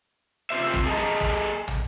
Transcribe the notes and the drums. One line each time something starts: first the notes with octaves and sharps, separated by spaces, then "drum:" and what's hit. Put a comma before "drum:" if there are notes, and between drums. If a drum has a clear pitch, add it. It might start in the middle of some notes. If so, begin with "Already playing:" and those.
C3 F4 C5 E5
drum: kick
G#4 A4 D5 D#5 A#5
drum: rim click
drum: kick
drum: tom